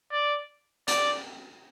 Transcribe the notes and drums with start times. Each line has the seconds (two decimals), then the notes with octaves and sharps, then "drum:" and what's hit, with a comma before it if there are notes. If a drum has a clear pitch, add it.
0.12 D5
0.88 D5, drum: hi-hat